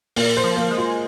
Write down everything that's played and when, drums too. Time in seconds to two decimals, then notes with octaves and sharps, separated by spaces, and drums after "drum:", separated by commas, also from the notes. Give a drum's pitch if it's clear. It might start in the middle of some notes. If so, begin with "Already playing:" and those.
0.16 A#2 A#3, drum: open hi-hat
0.37 C5
0.44 F3
0.57 A#3
0.71 G#3
0.78 F4